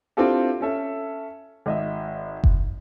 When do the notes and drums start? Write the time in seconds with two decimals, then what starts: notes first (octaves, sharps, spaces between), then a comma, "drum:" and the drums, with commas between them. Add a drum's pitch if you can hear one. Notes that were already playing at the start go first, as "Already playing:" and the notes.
0.17 C4 D4 E4 F4 G4 A4
0.61 C#4 A4 E5
1.66 G#1 D#5 E5
2.44 drum: kick F#1